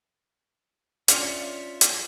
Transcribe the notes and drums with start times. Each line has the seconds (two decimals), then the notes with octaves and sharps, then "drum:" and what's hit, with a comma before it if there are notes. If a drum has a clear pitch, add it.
1.08 C#4 D4 F4 E5 C#7 F7, drum: hi-hat
1.81 drum: hi-hat